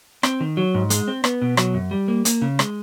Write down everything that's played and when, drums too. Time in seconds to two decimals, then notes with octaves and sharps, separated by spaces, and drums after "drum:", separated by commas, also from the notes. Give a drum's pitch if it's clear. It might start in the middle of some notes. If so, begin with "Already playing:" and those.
0.23 C4, drum: rim click
0.41 D#3
0.57 F#3
0.75 G#2
0.90 G#3, drum: hi-hat
1.08 C4
1.24 B3, drum: rim click
1.42 B2
1.57 F#3, drum: rim click
1.74 F#2
1.91 G3
2.08 A#3
2.25 A#3, drum: hi-hat
2.42 C#3
2.59 G#3, drum: rim click